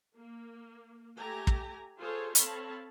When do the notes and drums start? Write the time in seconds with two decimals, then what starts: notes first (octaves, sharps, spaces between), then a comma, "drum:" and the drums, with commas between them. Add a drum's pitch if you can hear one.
0.16 A#3
1.17 A3 G4 G#5 A#5
1.47 drum: kick
1.99 F4 G#4 A4 C5 C#5
2.35 C4 A4 C#5 F5 A5 B5, drum: hi-hat